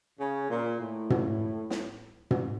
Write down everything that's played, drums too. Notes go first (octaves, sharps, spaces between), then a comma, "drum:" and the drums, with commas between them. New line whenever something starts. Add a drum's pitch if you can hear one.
C#3
A#2
A2
drum: tom
drum: snare
drum: tom